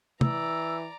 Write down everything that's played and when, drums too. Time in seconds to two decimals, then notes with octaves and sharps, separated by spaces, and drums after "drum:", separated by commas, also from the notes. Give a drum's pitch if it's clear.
0.21 E3 D5 A#5 E6, drum: tom